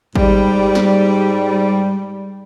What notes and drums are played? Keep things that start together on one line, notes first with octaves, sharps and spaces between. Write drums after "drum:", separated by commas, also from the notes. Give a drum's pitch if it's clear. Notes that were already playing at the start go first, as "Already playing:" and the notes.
G#2 G3, drum: kick G#1
drum: snare